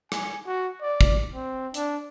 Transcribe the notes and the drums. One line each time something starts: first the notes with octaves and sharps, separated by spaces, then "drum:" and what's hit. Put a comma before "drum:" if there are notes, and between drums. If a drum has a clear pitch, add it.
G#5, drum: rim click
F#4
D5
drum: kick
C4
D4, drum: hi-hat